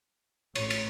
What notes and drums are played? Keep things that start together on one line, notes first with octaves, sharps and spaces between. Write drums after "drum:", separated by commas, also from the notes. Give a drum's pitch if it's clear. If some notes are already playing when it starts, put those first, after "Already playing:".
A1 C#5, drum: cymbal
drum: cymbal